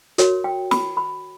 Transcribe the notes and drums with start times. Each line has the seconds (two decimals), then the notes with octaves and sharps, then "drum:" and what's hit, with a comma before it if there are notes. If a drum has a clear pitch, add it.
0.18 F#4 A#4 C#5, drum: hi-hat
0.44 G5
0.71 B5, drum: snare
0.97 B5